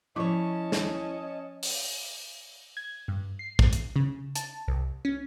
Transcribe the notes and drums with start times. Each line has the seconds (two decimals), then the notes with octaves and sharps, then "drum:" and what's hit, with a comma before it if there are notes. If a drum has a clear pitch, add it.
0.16 F3 C#4 E4 C#5 D#5 A5 C#6 D6
0.72 drum: snare
1.63 drum: open hi-hat
2.77 G#6
3.08 G2
3.39 C7
3.59 drum: kick
3.73 drum: hi-hat
3.96 C#3
4.35 A5, drum: hi-hat
4.68 C2
5.05 C#4